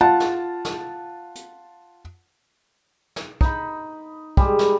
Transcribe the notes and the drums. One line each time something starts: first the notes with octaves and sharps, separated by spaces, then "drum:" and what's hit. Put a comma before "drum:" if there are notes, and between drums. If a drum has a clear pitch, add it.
F4 F#5 A5
drum: snare
drum: snare
drum: hi-hat
drum: snare
D#4 B5, drum: kick
G3 G#3, drum: kick
drum: snare